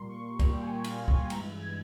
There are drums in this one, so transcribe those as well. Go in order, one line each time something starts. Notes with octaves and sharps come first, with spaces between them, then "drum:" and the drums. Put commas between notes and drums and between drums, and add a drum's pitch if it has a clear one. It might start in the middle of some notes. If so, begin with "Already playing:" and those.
Already playing: A#2 G3 A#3 C6
C#6
A#2 G3 A#3, drum: kick, cymbal
G5
G#5
F5, drum: cymbal
G#5, drum: kick
G2 E3 G#3 A#5, drum: cymbal
G#6